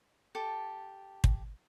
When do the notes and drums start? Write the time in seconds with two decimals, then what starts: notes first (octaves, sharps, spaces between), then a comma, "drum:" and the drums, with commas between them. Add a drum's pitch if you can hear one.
0.35 G4 A4 A5
1.24 drum: kick